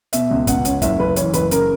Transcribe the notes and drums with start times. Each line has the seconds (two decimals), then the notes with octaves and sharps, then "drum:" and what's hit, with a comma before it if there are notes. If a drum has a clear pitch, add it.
0.13 B2 E5, drum: hi-hat
0.31 C#2
0.47 C#2 F#5, drum: kick, hi-hat
0.65 C#4, drum: hi-hat
0.82 F#1 E5, drum: kick, hi-hat
0.99 F#1 B4
1.16 E3 C#5, drum: hi-hat
1.33 F#1 B4, drum: hi-hat
1.51 C#3 A#4, drum: hi-hat